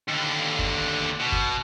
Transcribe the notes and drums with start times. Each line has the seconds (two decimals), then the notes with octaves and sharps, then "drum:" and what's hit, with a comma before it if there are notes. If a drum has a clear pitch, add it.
0.09 D#2 D3
0.59 drum: kick
1.20 B2
1.32 drum: kick